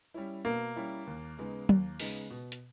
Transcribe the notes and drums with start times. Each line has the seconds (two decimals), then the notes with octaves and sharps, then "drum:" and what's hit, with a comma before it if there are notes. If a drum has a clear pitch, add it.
0.14 G3 C#4 E4
0.45 B2 A#3
0.76 G3 C#4 E4
1.07 D#2
1.38 C#3 G#3 B3 D#4
1.69 D#2, drum: tom F#3
1.99 C#3 G#3 B3 D#4, drum: open hi-hat
2.31 B2
2.52 drum: hi-hat